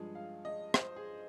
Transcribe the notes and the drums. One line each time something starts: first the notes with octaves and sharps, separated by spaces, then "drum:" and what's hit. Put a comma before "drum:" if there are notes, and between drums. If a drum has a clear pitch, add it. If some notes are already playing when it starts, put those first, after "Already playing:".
Already playing: G2 F3 G#3 G#4
F5
D#5
C5, drum: rim click
G#4